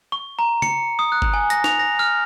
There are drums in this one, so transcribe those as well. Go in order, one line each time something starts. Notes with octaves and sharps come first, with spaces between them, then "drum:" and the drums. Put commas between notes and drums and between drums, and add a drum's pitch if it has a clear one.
C#6
A#5
C#7, drum: tom C#3
D#6
F#6
drum: kick G1
G#5
A#6, drum: hi-hat
F7, drum: snare
A#6
F6